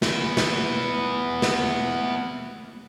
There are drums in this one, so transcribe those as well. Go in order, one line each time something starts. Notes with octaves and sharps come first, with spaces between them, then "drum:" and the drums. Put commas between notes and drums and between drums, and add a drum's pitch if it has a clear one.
B3 E4, drum: snare
drum: snare
drum: snare